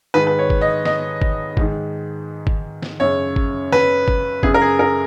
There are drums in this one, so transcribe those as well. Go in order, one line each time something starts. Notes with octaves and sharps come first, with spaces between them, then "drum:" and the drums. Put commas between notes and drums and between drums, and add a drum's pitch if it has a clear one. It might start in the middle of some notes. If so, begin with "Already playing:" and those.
G#2 D#3 B4
B4
C#5
drum: kick
D#5
D#5, drum: snare
drum: kick
G#2 D#3, drum: kick
drum: kick
drum: snare
F#2 C#3 C#5
drum: kick
B4, drum: snare
drum: kick
F#2 C#3 G#4, drum: kick
A#4
G#4
A#4